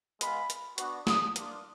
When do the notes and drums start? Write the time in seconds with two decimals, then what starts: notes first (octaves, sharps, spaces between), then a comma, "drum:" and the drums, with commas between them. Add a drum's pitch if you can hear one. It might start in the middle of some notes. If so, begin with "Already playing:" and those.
0.21 G#3 B3 F4 B5, drum: hi-hat
0.50 drum: hi-hat
0.78 B3 D4 F#4, drum: hi-hat
1.07 D#6, drum: snare
1.36 A#3 D4 F4, drum: hi-hat